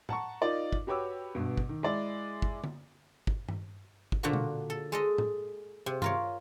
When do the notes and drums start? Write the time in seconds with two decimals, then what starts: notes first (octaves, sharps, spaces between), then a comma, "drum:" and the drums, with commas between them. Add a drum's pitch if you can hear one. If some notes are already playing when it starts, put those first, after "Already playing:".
0.09 F#5 A5 A#5 C#6, drum: tom A2
0.42 D#4 F4 A#4 D5 D#5
0.73 drum: kick
0.87 F#4 G4 B4 C#5 D6 E6
1.35 G2 B2
1.57 drum: kick
1.69 D#3
1.83 G#3 E4 D5 E5
2.42 drum: kick
2.64 drum: tom D3
3.27 drum: kick
3.49 drum: tom G2
4.12 drum: kick
4.23 A#2 D3 D4 F#4
4.33 drum: tom B2
4.70 A4
4.92 G#3 A4 D#5
5.18 drum: tom A2
5.86 C3
6.02 F4 A#4 C#5, drum: tom G2